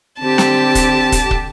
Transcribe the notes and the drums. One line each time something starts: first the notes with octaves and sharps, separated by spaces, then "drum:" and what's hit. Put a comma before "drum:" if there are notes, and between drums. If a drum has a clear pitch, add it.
D3 C4 G4 A5
drum: snare
drum: kick, hi-hat
drum: kick, hi-hat
drum: kick